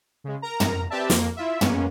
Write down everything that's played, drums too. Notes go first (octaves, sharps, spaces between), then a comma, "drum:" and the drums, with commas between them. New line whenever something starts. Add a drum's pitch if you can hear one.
C#3 G#3
A#4 A#5
drum: tom
C4 G4 B4 D5 E5 A5
F2 A#3, drum: snare
E4 F4 E5
G#3 A#3 B3 C#4, drum: tom